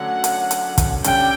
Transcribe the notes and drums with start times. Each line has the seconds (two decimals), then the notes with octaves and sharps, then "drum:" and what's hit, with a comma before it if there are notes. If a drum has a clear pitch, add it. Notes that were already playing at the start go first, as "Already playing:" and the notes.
Already playing: D3 F#3 A3 C#4 F#5
0.24 drum: hi-hat
0.51 drum: hi-hat
0.78 drum: kick, hi-hat
1.04 D3 G3 C#4 G4 G5, drum: hi-hat